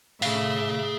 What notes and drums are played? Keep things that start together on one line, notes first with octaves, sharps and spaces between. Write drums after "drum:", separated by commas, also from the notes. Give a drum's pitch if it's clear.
A2 G#4 E5 F5, drum: open hi-hat